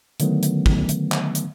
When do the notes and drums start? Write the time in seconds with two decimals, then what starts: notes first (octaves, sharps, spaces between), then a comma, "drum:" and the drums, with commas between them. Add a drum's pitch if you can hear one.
0.20 D3 D#3 F#3 A3 B3, drum: hi-hat
0.43 drum: hi-hat
0.66 drum: kick
0.89 drum: hi-hat
1.12 drum: clap
1.35 drum: hi-hat